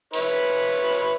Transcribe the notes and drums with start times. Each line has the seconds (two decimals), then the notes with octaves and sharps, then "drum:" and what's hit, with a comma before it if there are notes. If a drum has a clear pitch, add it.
0.14 E4 B4 C#5, drum: open hi-hat